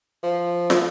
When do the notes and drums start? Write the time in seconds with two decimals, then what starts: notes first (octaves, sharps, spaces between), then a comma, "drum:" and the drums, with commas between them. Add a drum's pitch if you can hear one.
0.23 F3
0.70 drum: snare